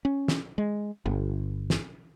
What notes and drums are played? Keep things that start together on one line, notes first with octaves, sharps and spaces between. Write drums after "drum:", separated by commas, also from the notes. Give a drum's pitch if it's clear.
C#4
drum: snare
G#3
G1
drum: snare